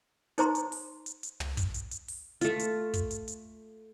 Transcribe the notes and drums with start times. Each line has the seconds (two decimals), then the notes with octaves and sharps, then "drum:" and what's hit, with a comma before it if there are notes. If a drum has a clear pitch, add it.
0.38 D#4 C5 A#5 C6, drum: hi-hat
0.55 drum: hi-hat
0.72 drum: open hi-hat
1.06 drum: hi-hat
1.23 drum: hi-hat
1.40 drum: tom
1.57 drum: kick, hi-hat
1.74 drum: hi-hat
1.91 drum: hi-hat
2.08 drum: open hi-hat
2.41 A3 F4, drum: hi-hat
2.59 drum: hi-hat
2.94 drum: kick, hi-hat
3.11 drum: hi-hat
3.28 drum: hi-hat